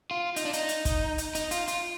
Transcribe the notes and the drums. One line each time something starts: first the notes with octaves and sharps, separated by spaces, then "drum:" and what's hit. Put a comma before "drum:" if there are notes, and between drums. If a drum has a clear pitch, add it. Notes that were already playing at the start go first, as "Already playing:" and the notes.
F4
D#4, drum: hi-hat
D4
D#4, drum: hi-hat
drum: hi-hat
drum: kick, hi-hat
drum: hi-hat
D#4, drum: hi-hat
F4, drum: hi-hat
F4, drum: hi-hat